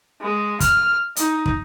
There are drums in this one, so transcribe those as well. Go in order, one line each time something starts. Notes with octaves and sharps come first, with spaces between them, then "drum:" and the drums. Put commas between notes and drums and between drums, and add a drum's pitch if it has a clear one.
G#3
F6, drum: kick, hi-hat
D#4, drum: hi-hat
drum: kick